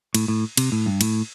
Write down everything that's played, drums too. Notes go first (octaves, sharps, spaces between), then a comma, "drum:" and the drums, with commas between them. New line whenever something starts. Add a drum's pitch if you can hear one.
A2, drum: cymbal
A2
C3, drum: cymbal
A2
G2
A2, drum: cymbal